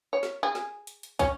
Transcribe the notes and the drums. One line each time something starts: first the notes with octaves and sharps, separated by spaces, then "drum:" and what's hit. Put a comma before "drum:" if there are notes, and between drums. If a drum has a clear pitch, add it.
C#5
drum: snare
G#4
drum: snare
drum: hi-hat
drum: hi-hat
C#4, drum: kick, hi-hat